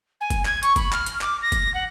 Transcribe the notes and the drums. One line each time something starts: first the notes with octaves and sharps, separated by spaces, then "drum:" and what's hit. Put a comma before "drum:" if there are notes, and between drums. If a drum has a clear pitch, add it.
G#5
drum: kick, hi-hat
G#6, drum: clap
C#6, drum: hi-hat
B5, drum: kick, hi-hat
F6, drum: clap
drum: hi-hat
D6, drum: clap
A#6
drum: kick, hi-hat
F#5